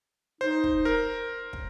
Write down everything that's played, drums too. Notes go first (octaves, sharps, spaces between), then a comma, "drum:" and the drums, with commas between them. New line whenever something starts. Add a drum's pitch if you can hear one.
D#4 C5
drum: kick
A#4
drum: kick